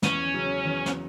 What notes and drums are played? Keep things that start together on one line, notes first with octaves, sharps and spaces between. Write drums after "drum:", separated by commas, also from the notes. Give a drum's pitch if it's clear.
E2 C#4, drum: snare
C#3 F#3
E2
drum: snare